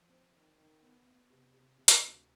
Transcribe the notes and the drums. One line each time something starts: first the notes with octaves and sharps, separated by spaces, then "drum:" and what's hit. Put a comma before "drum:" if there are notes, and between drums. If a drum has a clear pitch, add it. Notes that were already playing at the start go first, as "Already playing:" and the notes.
Already playing: F3
C4
D#3
D#3
B3
B3
C3
C3
C3
drum: hi-hat
D2